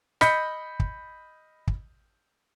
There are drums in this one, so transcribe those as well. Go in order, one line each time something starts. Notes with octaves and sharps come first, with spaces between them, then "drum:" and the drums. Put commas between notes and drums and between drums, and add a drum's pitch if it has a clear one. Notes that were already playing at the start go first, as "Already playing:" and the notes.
D#5 B5 G6 B6 C#7, drum: snare
drum: kick
drum: kick